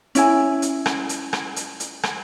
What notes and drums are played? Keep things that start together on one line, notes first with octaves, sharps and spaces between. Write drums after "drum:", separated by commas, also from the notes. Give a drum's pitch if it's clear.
C#4 E4 G#5, drum: hi-hat
drum: hi-hat
drum: rim click
drum: hi-hat
drum: rim click
drum: hi-hat
drum: hi-hat
drum: rim click